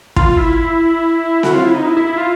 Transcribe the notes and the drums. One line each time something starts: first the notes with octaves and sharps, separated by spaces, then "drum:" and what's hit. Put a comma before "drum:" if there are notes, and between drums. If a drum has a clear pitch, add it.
F4, drum: kick
E4
F#4, drum: snare C4
F4
E4
D#4
E4
E4
E4
F4